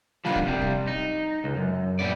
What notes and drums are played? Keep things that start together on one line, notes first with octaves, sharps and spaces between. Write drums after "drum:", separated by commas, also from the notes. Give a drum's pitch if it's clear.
F3 G3 A#3 B3 D4 D#4, drum: snare G3
drum: kick
C3 G3
drum: kick
D#4
C#2
F#2
A#2 G3 B3 D5